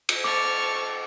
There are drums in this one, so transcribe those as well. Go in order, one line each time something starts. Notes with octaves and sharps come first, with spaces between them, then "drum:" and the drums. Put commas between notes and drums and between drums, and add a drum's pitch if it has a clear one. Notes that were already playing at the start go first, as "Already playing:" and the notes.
drum: cymbal
A5 C#6 D6 F6